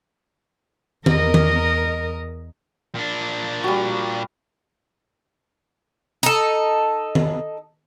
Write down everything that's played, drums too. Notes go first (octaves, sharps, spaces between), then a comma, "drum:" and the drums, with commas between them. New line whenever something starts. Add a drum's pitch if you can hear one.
E2 A#4 D#5, drum: tom D#3
drum: tom D#3
A#2 D4
G3 F#4
D#4 A4, drum: hi-hat
drum: tom D#3